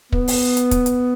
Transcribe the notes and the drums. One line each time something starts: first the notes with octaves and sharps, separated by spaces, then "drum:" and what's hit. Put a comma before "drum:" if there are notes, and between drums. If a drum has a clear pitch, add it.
B3, drum: kick
drum: open hi-hat
drum: hi-hat
drum: kick, hi-hat
drum: hi-hat